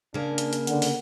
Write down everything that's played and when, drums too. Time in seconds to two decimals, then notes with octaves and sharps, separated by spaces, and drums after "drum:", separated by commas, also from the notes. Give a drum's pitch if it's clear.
0.14 C#3 A#3 D4
0.38 drum: hi-hat
0.53 drum: hi-hat
0.67 D3 F#5, drum: hi-hat
0.82 drum: open hi-hat